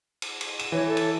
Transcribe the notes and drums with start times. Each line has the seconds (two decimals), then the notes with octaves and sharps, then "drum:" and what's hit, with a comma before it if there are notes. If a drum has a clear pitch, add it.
0.22 drum: cymbal
0.41 drum: cymbal
0.59 E7, drum: cymbal
0.72 E3 C#5
0.87 A4
0.97 drum: cymbal